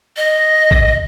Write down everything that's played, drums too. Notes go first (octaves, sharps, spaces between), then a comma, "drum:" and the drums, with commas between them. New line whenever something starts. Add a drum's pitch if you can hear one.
D#5
drum: kick